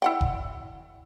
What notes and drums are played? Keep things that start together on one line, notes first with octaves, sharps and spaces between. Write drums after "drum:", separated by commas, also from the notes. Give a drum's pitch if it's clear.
E4 F#5 G5
drum: kick F1